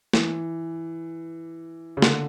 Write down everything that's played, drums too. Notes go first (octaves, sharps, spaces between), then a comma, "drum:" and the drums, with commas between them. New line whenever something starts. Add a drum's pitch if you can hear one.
E3, drum: snare
C#3
D3, drum: snare